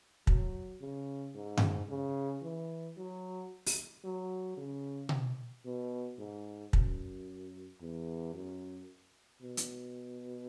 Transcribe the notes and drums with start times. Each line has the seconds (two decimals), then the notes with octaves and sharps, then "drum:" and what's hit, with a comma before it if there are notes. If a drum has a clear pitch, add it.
0.27 F#3, drum: kick
0.81 C#3
1.35 G#2
1.57 drum: tom G2
1.89 C#3
2.42 E3
2.97 F#3
3.66 drum: open hi-hat
4.04 F#3
4.57 C#3
5.09 drum: tom B2
5.65 B2
6.19 G#2
6.73 F#2, drum: kick
7.81 E2
8.34 F#2
9.42 B2
9.57 drum: hi-hat